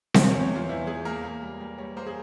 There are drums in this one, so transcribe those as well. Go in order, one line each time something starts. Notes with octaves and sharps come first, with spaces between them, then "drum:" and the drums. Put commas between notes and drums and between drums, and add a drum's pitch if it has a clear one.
E2 C5, drum: snare C4
E2 C#5
C#5
E3 F4
E2 E4
E3 G#4
A#3 A#4
A#3
G3
G3
G3 C#5
A#3 C5
G#4